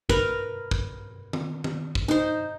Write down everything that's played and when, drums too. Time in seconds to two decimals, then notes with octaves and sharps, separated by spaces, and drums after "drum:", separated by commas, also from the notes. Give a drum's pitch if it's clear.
0.09 A#4 B4 B5, drum: kick
0.71 drum: kick
1.33 drum: tom D#3
1.64 drum: tom D#3
1.95 drum: kick
2.08 D#4 C5